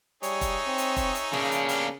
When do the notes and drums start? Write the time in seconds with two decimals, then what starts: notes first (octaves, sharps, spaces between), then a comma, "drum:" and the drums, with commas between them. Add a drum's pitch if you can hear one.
0.23 G3 D#4 G#4 C#5 E5, drum: hi-hat
0.41 drum: kick F1, hi-hat
0.67 C4
0.78 drum: hi-hat
0.96 drum: kick F1, hi-hat
1.15 drum: hi-hat
1.33 C#3 A#3 D4, drum: snare
1.52 drum: hi-hat
1.69 B3 G4 F5, drum: hi-hat